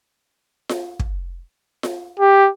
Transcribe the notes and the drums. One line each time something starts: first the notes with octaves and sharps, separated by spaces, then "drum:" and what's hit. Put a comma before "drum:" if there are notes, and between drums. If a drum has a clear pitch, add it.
drum: snare F4
drum: kick
drum: snare F4
G4